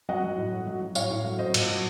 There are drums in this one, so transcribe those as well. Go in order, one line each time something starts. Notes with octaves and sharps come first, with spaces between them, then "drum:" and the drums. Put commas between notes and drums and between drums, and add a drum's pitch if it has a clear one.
F#3 D#5 F#5
F#3
A2
F#3
F#3
F#3
A2 C#5 F5, drum: tambourine
A2
F#3
F#3 C5 D#5
A#2, drum: cymbal
F#3